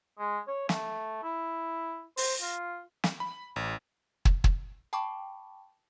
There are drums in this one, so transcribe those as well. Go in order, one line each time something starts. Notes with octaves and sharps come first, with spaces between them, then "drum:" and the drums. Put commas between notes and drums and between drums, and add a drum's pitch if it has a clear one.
G#3
C#5
A3, drum: snare
E4
C5, drum: open hi-hat
F4
drum: snare
B5
A1
drum: kick
drum: kick
G5 A5 B5 C#6 D6